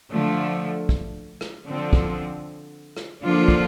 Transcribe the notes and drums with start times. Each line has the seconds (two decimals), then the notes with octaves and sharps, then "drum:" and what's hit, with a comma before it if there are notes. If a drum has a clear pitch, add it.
0.11 D3 F3 A3
0.89 drum: kick
1.41 drum: rim click
1.67 D3 F3 C4
1.93 drum: kick
2.97 drum: rim click
3.22 D3 F3 A#3 D4 F4
3.48 drum: kick